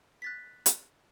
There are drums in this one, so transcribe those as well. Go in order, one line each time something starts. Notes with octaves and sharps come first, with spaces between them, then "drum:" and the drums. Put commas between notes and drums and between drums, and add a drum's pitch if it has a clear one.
F#6 A6 B6
drum: hi-hat